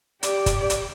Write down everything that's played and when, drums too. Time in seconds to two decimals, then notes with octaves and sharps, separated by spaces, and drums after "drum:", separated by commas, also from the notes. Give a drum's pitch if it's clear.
0.23 G4 D5, drum: hi-hat
0.46 drum: kick, hi-hat
0.70 drum: hi-hat